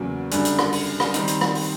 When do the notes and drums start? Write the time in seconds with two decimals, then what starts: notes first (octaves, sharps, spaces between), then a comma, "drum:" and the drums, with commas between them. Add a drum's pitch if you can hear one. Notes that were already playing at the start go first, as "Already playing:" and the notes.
Already playing: E2 C#3 F#3 A#3
0.31 F#2 D3 G3, drum: hi-hat
0.45 drum: hi-hat
0.59 drum: rim click
0.72 drum: open hi-hat
1.00 drum: rim click
1.14 D#3 G3 C4 D#4, drum: hi-hat
1.28 drum: hi-hat
1.41 drum: rim click
1.55 drum: open hi-hat